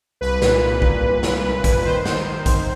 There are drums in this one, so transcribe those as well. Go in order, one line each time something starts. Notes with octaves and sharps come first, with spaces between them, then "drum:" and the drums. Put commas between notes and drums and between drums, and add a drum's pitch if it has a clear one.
C2 B4
A#2, drum: snare
A#2
A#2, drum: kick A1
C2
A#2, drum: snare
C2
C2, drum: kick A1, hi-hat
D#3 C5
D#3, drum: snare
D#3
D#3, drum: kick A1, hi-hat